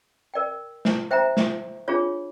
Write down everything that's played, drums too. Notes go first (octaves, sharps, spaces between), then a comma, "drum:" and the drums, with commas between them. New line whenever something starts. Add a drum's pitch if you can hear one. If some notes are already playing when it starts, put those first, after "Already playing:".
A#4 D5 G5
drum: snare
C5 E5 G5 A#5
drum: snare
D4 F4 G#4 C#5